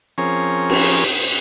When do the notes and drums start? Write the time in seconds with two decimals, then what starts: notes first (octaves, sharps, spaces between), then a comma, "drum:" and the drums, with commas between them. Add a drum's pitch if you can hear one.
0.18 F3 C4 C#4 G#4 A#4 C#5
0.70 drum: cymbal